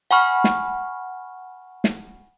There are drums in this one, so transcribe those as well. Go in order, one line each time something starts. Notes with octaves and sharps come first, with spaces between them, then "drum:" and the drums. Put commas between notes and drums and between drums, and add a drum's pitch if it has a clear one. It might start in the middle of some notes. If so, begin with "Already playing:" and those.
F#5 G#5 B5 C#6 F6
drum: snare
drum: snare